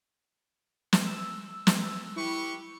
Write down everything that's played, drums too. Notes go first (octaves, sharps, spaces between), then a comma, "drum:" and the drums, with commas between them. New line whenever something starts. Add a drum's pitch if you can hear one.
drum: snare
E6
drum: snare
E4 G4 B4 C#6